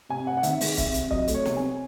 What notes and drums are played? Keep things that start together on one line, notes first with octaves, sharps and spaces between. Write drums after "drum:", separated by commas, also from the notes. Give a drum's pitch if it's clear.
C3 G#5
C4 F#5
F#5
D#3 E5, drum: hi-hat
G#3, drum: open hi-hat
C3 E5, drum: kick C#1, hi-hat
C4, drum: hi-hat
F#3 D#5, drum: kick C#1
A3, drum: hi-hat
C#5
C3, drum: snare
C4 G#5